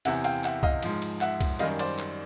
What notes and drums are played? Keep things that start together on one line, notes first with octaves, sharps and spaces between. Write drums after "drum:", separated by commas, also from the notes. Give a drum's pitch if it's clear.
E2 C3 E3 E5 F#5, drum: cymbal
F5 G5, drum: cymbal
E5 F#5, drum: clap
D#5 F5, drum: kick
G#2 F3, drum: cymbal
drum: cymbal
E5 F#5, drum: clap
drum: kick, cymbal
F#2 D#3 G3 D#5 F5, drum: cymbal
C5 D5, drum: cymbal
drum: clap